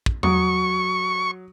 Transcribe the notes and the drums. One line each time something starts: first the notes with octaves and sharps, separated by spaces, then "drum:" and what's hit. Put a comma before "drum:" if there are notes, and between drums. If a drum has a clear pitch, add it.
drum: kick
F#3 C#6 D#6, drum: tom E2